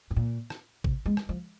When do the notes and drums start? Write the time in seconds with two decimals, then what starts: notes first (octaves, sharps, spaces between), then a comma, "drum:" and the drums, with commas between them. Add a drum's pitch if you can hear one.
0.11 G#2
0.16 A#2
0.50 drum: rim click
0.84 C3, drum: kick
1.06 G#3
1.17 drum: rim click
1.29 F3